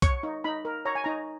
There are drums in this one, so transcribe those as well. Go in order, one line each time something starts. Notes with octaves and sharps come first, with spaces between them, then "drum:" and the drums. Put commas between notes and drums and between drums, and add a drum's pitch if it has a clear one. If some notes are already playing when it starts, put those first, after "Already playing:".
C#5 C#6, drum: kick B1, hi-hat
D#4
D#4 B5
A#4
C#5 A#5
G#5
D#4 A#5